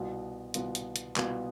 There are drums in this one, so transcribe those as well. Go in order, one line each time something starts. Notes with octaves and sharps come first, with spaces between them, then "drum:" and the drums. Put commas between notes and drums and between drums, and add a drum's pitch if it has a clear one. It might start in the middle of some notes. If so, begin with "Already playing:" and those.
Already playing: C2 B2 B3 F4
C2 B2 B3 F4, drum: hi-hat
drum: hi-hat
drum: hi-hat
C2 B2 B3 F4, drum: clap